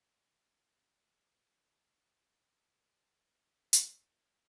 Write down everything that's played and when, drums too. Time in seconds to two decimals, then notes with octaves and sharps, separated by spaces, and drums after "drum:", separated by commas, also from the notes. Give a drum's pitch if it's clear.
0.13 D#3 A#3 B5 C7
1.63 A3 G4
2.32 D#2 A3 D#4 A5 E6
2.88 F#3
3.29 D#2
3.73 drum: hi-hat
3.94 A#2